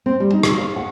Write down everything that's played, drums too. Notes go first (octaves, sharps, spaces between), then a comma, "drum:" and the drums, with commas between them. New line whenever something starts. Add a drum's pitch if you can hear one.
C4
G3
D#4
drum: rim click
F5
F#5